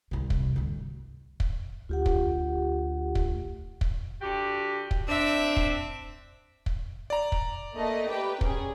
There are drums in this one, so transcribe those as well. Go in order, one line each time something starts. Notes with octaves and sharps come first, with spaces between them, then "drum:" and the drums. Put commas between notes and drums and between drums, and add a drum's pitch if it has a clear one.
C2 C3
drum: kick
D2 G2
drum: kick
D2 F4 G4 F#5
drum: kick
drum: kick
drum: kick
D3 F#4 G4
drum: kick
C4 D4 E5
drum: kick
drum: kick
D5 A#5
drum: kick
A3 A#3 D#5
G4 B4 G5
C#4 G#4, drum: kick